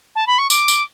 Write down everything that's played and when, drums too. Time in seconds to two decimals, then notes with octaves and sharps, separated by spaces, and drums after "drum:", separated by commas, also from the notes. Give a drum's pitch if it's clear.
0.16 A5
0.27 B5
0.39 C#6
0.50 D6, drum: tambourine
0.68 drum: tambourine